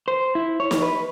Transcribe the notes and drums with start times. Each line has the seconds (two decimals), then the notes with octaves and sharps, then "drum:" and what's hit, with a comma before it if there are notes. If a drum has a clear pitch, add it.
0.08 C5
0.35 E4
0.60 C#5
0.71 drum: snare
0.82 B4